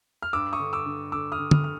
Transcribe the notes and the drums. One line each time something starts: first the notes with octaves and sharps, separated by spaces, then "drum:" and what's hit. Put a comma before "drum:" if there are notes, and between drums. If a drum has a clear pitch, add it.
F6
G2 D6 E6
C#6 D#6
D3
D6 E6
D3
D3 D6 E6
D#6 F6
D3
D#6 F6, drum: tom
F6